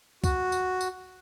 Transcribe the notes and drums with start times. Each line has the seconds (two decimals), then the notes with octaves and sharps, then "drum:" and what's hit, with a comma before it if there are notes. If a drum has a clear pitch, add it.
0.24 F#4, drum: kick C#2, tambourine
0.52 drum: tambourine
0.81 drum: tambourine